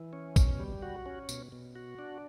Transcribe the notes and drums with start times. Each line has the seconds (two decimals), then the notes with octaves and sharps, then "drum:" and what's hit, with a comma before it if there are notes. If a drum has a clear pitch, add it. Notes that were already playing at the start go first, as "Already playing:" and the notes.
Already playing: E3
0.13 C#4
0.36 B2, drum: kick, tambourine
0.60 G3
0.82 F#4
1.06 C#4
1.29 B2, drum: tambourine
1.52 B2
1.76 F#4
1.99 D4